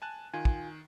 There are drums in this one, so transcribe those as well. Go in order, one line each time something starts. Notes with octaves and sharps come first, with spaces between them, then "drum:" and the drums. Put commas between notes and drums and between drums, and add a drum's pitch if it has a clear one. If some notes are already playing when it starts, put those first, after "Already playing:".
G#5 A5 F#6
D#3 F4 G#5
drum: kick